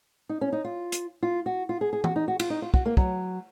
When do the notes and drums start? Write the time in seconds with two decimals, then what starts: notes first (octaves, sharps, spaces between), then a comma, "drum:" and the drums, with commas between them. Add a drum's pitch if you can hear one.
0.29 D#4
0.41 C#4
0.52 D#4
0.64 F4
0.92 drum: hi-hat
1.22 F4
1.46 F#4
1.69 F4
1.81 G#4
1.93 G#4
2.04 F#4, drum: tom
2.16 D#4
2.28 F#4
2.40 F4, drum: cymbal
2.50 D#4
2.62 F4
2.74 F#4, drum: kick
2.86 A#3
2.97 F#3, drum: kick